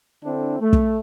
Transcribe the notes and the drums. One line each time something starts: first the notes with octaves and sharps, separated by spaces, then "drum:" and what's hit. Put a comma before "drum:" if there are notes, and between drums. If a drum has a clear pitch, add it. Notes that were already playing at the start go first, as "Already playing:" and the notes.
D3 C4 D4 E4 A4
A3
drum: kick